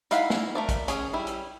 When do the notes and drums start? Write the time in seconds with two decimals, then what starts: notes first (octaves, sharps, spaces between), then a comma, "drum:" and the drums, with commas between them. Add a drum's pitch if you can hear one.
0.11 D#4 E4 F5 F#5 B5, drum: hi-hat
0.30 drum: snare
0.55 A3 A#4 D5
0.69 drum: kick, hi-hat
0.88 C#4 G#4, drum: hi-hat
1.13 G3 E4
1.27 drum: hi-hat